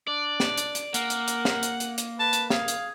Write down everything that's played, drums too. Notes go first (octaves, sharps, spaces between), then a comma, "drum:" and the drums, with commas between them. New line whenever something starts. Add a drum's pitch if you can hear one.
D4 D5
drum: snare
drum: hi-hat
drum: hi-hat
A#3 A#4 F#5, drum: hi-hat
drum: hi-hat
drum: hi-hat
drum: snare
drum: hi-hat
drum: hi-hat
drum: hi-hat
B4 A5
drum: hi-hat
G#4 F5, drum: snare
drum: hi-hat